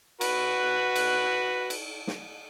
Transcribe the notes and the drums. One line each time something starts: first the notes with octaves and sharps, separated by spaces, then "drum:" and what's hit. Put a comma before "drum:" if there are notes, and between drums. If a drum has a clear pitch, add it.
F#4 B4, drum: cymbal
drum: cymbal
drum: cymbal
drum: snare